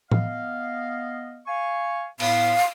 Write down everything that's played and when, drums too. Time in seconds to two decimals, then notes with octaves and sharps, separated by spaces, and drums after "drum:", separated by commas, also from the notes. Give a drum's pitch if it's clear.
0.12 B3 D#5 F5, drum: tom A2
1.47 F5 G#5 C#6
2.20 A2 B3 F5, drum: cymbal